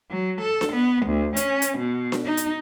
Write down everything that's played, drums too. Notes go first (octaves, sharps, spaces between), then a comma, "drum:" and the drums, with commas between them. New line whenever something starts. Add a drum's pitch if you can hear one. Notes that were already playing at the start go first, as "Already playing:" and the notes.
F#3
A4
drum: snare D4
B3
D2
C#4, drum: hi-hat
drum: hi-hat
B2
drum: snare D4
D#4
drum: hi-hat